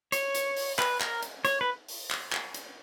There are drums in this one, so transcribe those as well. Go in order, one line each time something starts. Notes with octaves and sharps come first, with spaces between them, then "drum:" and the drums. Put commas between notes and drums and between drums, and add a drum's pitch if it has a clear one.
C#5, drum: hi-hat
drum: hi-hat
drum: open hi-hat
B4, drum: clap
A#4, drum: clap
drum: hi-hat
C#5, drum: hi-hat
B4
drum: open hi-hat
drum: clap
drum: clap
drum: hi-hat